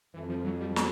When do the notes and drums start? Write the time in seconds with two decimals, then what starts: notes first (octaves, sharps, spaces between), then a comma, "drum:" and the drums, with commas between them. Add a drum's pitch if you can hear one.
0.14 F2 E3
0.30 F3
0.45 F#3
0.60 G3
0.76 F#3, drum: snare